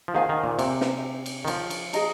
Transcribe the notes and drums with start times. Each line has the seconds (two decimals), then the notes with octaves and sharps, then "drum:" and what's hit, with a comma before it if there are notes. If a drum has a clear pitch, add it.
0.08 F3
0.14 D#3 G#4 C5 F5 G#5
0.29 D#3
0.44 A#2
0.59 C3, drum: cymbal
0.81 drum: snare
1.26 drum: cymbal
1.45 D#3
1.47 F3, drum: cymbal
1.70 drum: cymbal
1.93 G#4 D#5 A#5, drum: cymbal